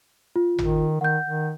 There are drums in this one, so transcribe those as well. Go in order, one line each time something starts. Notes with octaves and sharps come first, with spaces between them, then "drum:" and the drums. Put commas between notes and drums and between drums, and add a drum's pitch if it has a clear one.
F4
D#3, drum: tom G#1
D#3 F#5 G6
D#3